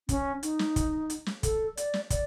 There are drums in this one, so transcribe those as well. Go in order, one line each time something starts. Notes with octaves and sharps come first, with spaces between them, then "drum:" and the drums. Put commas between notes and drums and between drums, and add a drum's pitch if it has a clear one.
C#4, drum: kick, hi-hat
D#4, drum: hi-hat
drum: snare
drum: kick, hi-hat
drum: hi-hat
drum: snare
A4, drum: kick, hi-hat
D5, drum: hi-hat
drum: snare
D5, drum: kick, hi-hat